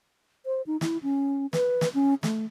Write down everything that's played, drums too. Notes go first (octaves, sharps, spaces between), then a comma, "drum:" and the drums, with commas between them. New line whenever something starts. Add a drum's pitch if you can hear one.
C5
D#4
E4, drum: snare
C#4
B4, drum: snare
drum: snare
C#4
A3, drum: snare